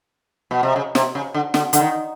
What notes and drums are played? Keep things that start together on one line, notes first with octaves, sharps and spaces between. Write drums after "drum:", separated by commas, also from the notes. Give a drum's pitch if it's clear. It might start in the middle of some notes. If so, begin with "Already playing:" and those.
B2
C3
C#3
C3, drum: snare
C#3
D3
D3, drum: snare
D3, drum: hi-hat
D#3